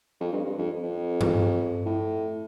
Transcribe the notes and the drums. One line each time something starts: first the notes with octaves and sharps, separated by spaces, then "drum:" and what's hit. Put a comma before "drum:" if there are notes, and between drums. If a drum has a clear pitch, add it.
F2
G2
G2
F2
F2
drum: tom G2
A2